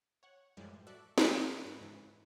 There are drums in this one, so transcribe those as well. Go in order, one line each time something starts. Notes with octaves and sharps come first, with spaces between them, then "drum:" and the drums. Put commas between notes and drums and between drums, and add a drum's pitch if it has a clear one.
C#5 F#5
F#2 A2 E3 F3 G3 G#3
F#4 A4 D5 E5 F#6
B2 D#3 F3 G3, drum: snare
G#2 B3 F#4 A4 B5
G#2 C#3 E3